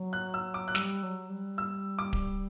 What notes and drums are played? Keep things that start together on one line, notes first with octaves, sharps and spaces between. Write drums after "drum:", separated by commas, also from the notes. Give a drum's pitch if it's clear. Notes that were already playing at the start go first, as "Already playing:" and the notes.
Already playing: F#3
F#6
E6
D6
F#6
G3 E6, drum: snare
F#3
G3
E6
D6
drum: kick D1